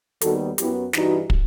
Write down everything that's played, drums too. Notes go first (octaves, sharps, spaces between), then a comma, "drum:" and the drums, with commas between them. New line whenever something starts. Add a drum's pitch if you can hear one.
D#2 D#3 G3 B3 F#4 A4, drum: hi-hat
F#2 F#3 B3 E4 G4, drum: hi-hat
G2 E3 G3 D#4 F#4, drum: snare
drum: kick